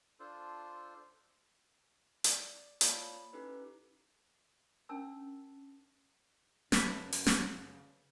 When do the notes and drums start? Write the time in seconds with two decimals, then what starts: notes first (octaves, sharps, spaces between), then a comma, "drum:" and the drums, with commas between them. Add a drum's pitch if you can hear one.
0.20 D4 F4 A4 C5
2.24 D5, drum: hi-hat
2.81 A#3 F4 C#5 D5 A5 B5, drum: hi-hat
3.00 B5
3.33 C#4 D#4 E4 G4 A4 B4
4.89 C#4 D4 A#4 A5 E6
6.72 F#2 C#3 D4 B4 D5 E5, drum: snare
7.12 drum: open hi-hat
7.27 drum: snare